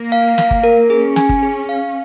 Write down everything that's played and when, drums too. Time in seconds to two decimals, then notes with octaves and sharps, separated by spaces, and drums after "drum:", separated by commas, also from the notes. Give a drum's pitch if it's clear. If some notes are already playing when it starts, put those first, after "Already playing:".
Already playing: A#3
0.12 F5
0.38 F5, drum: snare
0.51 drum: kick G1
0.64 A#4
0.90 C#4 G#4
1.16 G#5, drum: snare
1.29 drum: kick G1
1.43 G#4
1.69 F5